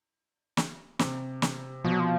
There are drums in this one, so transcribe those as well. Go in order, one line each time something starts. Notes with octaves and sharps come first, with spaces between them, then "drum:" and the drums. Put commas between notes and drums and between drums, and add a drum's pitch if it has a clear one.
drum: snare
C3, drum: snare
drum: snare
B2 F3
F#3
F3